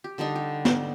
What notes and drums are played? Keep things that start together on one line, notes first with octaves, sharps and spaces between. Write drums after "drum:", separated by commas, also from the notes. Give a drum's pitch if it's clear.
G4
D3 G3 D4 D#4
G4
drum: snare